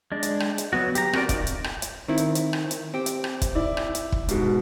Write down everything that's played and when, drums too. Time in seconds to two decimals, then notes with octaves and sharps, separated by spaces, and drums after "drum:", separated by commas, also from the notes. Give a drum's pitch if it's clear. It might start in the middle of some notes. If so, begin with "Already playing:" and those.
0.12 G#3 D4
0.23 drum: hi-hat
0.40 drum: rim click
0.58 drum: hi-hat
0.73 F#3 B3 F#4
0.95 G4 A#5, drum: hi-hat
1.13 C4 F#4 A#4 D5, drum: rim click
1.29 D#4 F4 D5, drum: kick, hi-hat
1.47 drum: hi-hat
1.64 drum: rim click
1.82 drum: hi-hat
2.08 D#3 C4 E4
2.17 drum: hi-hat
2.35 drum: hi-hat
2.53 drum: rim click
2.71 drum: hi-hat
2.94 C4 G4
3.06 drum: hi-hat
3.24 drum: rim click
3.42 drum: kick, hi-hat
3.55 E4 D5
3.77 drum: rim click
3.95 drum: hi-hat
4.12 drum: kick
4.29 G#2 B2, drum: hi-hat